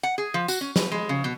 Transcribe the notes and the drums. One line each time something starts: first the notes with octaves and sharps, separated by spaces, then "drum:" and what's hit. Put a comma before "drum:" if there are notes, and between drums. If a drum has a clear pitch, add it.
F#5
G#4
F3
F#4, drum: tambourine
C#4
B4, drum: snare
G#3
C#3
B2